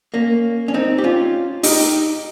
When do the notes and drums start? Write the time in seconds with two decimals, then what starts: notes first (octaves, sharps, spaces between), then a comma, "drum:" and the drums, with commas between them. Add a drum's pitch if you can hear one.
0.14 A#3 C#4
0.68 C#4
0.74 C4 D#4
0.98 G4
1.04 C#4 F4
1.63 D#4 G4, drum: open hi-hat